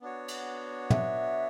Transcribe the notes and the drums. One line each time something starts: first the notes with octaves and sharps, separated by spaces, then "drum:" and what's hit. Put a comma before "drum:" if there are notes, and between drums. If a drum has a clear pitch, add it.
B3 D4 F#4 C#5
drum: cymbal
E5, drum: tom